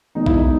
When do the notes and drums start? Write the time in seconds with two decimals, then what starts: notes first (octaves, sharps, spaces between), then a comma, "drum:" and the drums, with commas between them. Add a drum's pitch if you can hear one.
0.15 E1 E2 B2 D#4
0.26 E4, drum: kick A#1
0.37 D#4